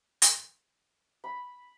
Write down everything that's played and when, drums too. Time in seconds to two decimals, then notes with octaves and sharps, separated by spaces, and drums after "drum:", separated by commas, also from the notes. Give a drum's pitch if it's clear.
0.22 drum: hi-hat
1.24 B5